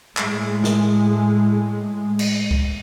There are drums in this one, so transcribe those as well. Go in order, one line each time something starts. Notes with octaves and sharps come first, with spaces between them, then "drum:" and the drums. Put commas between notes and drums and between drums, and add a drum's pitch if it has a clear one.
A2 G#3, drum: clap
drum: snare
drum: cymbal
drum: kick C#2